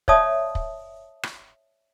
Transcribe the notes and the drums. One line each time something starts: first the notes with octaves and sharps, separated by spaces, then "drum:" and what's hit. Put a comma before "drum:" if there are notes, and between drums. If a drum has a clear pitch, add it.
C#5 D5 E5 F5 A5 D#6, drum: kick
drum: kick
drum: rim click